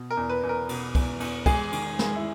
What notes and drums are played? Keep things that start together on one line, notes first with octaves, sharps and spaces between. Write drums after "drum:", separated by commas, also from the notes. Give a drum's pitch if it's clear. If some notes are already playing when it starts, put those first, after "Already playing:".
Already playing: B2
A#4
E2
B4
E2
A#4
B2, drum: cymbal
E2, drum: kick, cymbal
E2, drum: cymbal
G#3 G#4, drum: kick, cymbal
D#3, drum: cymbal
G#3, drum: snare
E4